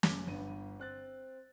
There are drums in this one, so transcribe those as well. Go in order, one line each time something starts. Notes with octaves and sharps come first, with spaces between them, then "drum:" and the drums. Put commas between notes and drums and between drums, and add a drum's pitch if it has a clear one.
F#2 C#3 D6 G7, drum: snare
G1 G2 B3 D#7
C4 F#6 A6